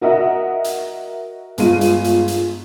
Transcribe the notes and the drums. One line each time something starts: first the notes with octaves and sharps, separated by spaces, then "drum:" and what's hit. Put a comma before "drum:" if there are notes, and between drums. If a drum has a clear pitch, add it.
F#4 A#4 D#5 E5 F#5
drum: hi-hat
G1 G#3 F4 D#7, drum: hi-hat
drum: hi-hat
drum: hi-hat
drum: hi-hat